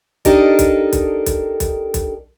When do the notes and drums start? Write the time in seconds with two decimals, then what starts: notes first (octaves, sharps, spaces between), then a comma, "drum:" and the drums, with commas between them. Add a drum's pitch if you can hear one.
0.25 D4 D#4 G4 A4 A#4 D#5, drum: kick B1, hi-hat
0.59 drum: kick B1, hi-hat
0.93 drum: kick B1, hi-hat
1.26 drum: kick B1, hi-hat
1.60 drum: kick B1, hi-hat
1.94 drum: kick B1, hi-hat